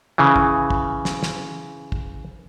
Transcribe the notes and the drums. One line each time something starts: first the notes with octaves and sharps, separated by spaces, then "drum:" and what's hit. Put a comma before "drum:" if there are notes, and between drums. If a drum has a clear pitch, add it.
C#3 E3
drum: kick
drum: kick
drum: snare
drum: snare
drum: kick